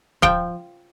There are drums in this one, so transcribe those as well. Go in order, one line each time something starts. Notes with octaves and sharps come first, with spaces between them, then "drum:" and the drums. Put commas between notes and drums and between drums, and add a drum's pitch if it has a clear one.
F3 G5, drum: kick